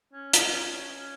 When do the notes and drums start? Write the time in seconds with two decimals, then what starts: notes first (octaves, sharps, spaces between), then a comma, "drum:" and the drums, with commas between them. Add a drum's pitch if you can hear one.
0.13 C#4
0.33 D#4, drum: hi-hat
0.40 C#4